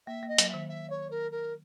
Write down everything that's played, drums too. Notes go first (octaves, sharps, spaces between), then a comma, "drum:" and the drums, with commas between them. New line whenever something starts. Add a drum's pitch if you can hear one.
A#3 E5
A#3
D#5
F#3, drum: hi-hat
E5
D#3
E5
C#5
A#4
A#4